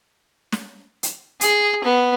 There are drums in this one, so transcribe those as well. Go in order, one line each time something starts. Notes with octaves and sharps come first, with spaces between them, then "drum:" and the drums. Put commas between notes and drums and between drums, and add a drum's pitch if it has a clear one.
drum: snare
drum: hi-hat
G#4, drum: hi-hat
B3